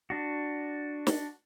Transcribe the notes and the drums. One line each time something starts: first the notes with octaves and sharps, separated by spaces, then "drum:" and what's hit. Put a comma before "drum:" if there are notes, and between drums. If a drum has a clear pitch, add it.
D4 F#4
drum: snare